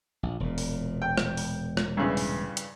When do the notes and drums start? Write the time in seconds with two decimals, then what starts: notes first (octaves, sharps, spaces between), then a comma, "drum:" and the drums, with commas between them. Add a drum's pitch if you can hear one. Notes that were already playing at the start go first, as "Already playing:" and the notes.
0.23 A#1
0.40 E1 A#2
0.58 drum: open hi-hat
1.02 G5
1.18 drum: rim click
1.37 drum: open hi-hat
1.77 drum: rim click
1.97 G2 C#3 E3
2.17 drum: open hi-hat
2.57 drum: hi-hat